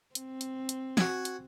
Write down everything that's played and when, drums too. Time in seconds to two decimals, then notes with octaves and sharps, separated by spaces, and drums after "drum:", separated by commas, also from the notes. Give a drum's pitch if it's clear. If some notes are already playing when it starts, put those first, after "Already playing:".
0.15 C4, drum: hi-hat
0.41 drum: hi-hat
0.69 drum: hi-hat
0.97 F#4 G#5, drum: snare
1.25 drum: hi-hat